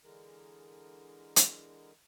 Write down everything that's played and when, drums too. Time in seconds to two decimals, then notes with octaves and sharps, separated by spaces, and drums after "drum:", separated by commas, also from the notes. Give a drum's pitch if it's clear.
0.04 D3 E3 G#3 A#4
1.36 drum: hi-hat